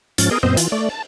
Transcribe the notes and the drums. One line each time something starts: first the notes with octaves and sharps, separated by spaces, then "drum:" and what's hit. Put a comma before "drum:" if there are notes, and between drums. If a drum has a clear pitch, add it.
G#2 F3 C#4 A6, drum: hi-hat
B3 G#4 A#4 D#5
F#2 A#2 B3 C4 C5 D#5
E3 F4, drum: hi-hat
A3 D5
A5